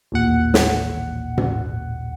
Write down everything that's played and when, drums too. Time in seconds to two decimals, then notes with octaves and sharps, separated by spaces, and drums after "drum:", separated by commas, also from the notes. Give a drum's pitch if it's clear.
0.12 A1 D#2 A#2 F#5
0.54 drum: snare
1.38 drum: tom